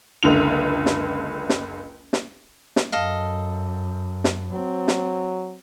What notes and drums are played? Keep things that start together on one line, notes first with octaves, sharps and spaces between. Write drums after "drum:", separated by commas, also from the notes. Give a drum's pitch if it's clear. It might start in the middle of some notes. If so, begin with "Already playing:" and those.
F#1 C#2 D3 F7
drum: snare
drum: snare
drum: snare
drum: snare
F#2 A4 D#5 F5
drum: snare
F#3 C4
drum: snare